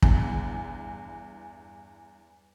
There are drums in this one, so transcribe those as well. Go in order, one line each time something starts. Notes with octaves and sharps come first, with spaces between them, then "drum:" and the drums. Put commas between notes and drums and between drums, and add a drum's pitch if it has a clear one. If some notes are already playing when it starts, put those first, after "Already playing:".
E2 G2 E3, drum: kick